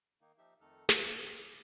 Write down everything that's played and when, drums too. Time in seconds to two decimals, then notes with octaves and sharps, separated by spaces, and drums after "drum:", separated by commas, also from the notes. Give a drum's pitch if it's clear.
0.21 D#3 A#3 D#4
0.38 F3 D#4 G4 E5
0.61 F2 D#3 A3 D#4 A4 F6
0.89 D#5, drum: snare
1.03 A4 C#5 E5 F#5 G#5
1.26 F5 B5 D6 E6 F6